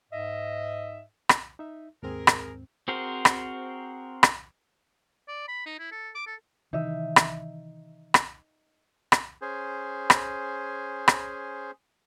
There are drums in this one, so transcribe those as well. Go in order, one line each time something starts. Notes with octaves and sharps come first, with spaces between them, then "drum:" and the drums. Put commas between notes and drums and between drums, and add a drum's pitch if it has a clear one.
G#2 D#5 E5
drum: rim click
D#4 E5
D#2 G#2 C4 G#4 A#4
drum: rim click
C4 F#4 G#4 A#4 C5
drum: rim click
drum: rim click
D5
B5
D#4
E4
A4
D6
A4
C3 D#3 E3 D#4 E5
drum: rim click
drum: rim click
drum: rim click
C#4 G#4 C5
drum: rim click
drum: rim click